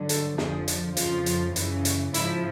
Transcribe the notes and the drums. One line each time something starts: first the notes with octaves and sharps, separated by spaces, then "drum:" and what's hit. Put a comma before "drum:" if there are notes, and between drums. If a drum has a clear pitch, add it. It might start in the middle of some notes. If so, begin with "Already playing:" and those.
Already playing: G2 D3 F#3
A4, drum: hi-hat
F2 D3 F3 G#4, drum: snare
drum: hi-hat
F2 C#3 F3 F4, drum: hi-hat
drum: hi-hat
F#2 C#3 E3, drum: hi-hat
drum: hi-hat
G#2 F3 E4, drum: hi-hat